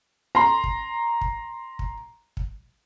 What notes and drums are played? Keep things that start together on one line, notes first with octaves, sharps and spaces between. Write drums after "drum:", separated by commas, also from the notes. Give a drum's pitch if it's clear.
A#5 C6
drum: kick
drum: kick
drum: kick
drum: kick